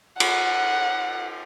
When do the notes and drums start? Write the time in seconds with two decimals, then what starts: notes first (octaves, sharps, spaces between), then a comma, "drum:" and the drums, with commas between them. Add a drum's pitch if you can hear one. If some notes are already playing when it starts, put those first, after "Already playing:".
0.20 F#5, drum: cymbal